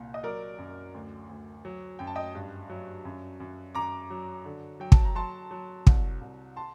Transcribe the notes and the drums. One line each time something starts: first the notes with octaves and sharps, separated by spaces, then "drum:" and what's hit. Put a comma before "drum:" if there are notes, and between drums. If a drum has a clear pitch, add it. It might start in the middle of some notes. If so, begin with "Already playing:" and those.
Already playing: C2 A#2
D#5
F#3 A#4 D5
F#2
D2
D2
F#3
F#2 G5
A5
D#5 G5
G2
F#3
F#2
F#2
F#2 A#5 D6
F#3
D3
F#3 G5
A5, drum: kick
A#5
F#3 A5 C6
F#3
C2, drum: kick
C2
A5 C6